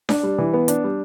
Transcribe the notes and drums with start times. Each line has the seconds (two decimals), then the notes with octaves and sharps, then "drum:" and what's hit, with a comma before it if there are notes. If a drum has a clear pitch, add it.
0.09 D4, drum: snare D4
0.23 G3
0.38 E3
0.54 B3
0.68 D4, drum: hi-hat
0.84 G3